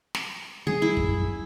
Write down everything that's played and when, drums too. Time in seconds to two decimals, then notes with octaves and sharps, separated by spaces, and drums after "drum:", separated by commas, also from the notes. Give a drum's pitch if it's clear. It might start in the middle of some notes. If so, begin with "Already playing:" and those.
0.15 drum: snare
0.67 D#3 G3 C#4 G#4
0.82 E4
0.97 A#1 F#2, drum: kick